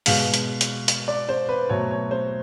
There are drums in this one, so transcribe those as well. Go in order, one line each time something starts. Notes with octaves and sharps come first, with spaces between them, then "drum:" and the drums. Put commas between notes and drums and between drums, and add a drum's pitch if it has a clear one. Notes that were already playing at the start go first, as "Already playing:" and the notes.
B2 G#3 F5, drum: open hi-hat
drum: hi-hat
drum: hi-hat
drum: hi-hat
D5
C5
B4
B2 F#3 A3 C#5
C#5
C5